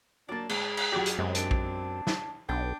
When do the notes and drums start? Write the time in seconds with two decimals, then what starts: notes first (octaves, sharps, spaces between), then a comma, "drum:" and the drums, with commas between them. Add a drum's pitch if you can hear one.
0.29 F#3 A#3 D4 D5 A5
0.49 G#2 G#4, drum: cymbal
0.77 drum: cymbal
0.92 F#2 F#3 F4 G4 D5
1.06 drum: hi-hat
1.18 F#2 C3 G#3 C4
1.35 D4, drum: hi-hat
1.51 drum: kick A#1
2.07 drum: snare
2.49 B1 B3 D4 G5